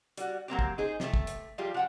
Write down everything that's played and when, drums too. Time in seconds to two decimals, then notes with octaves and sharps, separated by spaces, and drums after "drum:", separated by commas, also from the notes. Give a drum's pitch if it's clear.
0.17 G3 F#4, drum: hi-hat
0.48 F#3 A#3 C4 G4
0.59 drum: kick
0.78 D#4 G#4 C5
1.00 C3 A3, drum: snare
1.14 drum: kick
1.27 drum: hi-hat
1.58 F3 G3 G#3 F4 G4
1.74 F3 F#5 G5